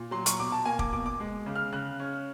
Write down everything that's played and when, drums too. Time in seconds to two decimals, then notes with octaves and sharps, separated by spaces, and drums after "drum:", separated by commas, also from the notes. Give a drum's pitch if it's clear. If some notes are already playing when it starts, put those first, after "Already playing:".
Already playing: A#2
0.11 F#3 C6
0.26 C#6, drum: hi-hat
0.39 B2 D6
0.52 A5
0.65 A#3 G#5
0.79 D6, drum: kick
0.92 B2 D6
1.06 D6
1.20 G#3
1.46 C#3
1.55 F6
1.73 C#3 F#6
2.00 C#4